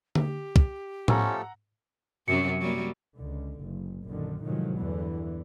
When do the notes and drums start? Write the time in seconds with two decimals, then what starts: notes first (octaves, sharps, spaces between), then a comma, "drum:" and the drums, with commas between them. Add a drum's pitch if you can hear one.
0.15 G4, drum: tom D3
0.56 drum: kick
1.08 F3 A3 C#4 A4 F#5 A#5 E6, drum: tom A2
2.28 F#2 C3 F#3 C#7
2.61 F#3 G3 A#3
3.18 C#2 D3
3.60 F#1
4.07 A#1 F#2 D3 D#3
4.45 A2 C3 D#3 F3 F#3 G#3
4.78 E2 G2 D3 E3